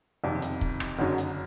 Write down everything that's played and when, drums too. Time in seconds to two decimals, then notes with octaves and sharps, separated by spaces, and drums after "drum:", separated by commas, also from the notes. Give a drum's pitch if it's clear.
0.24 F#1 F2 C3 D#3
0.42 drum: hi-hat
0.61 drum: kick
0.80 drum: rim click
0.99 F#1 F#2 D3 F#3
1.18 drum: hi-hat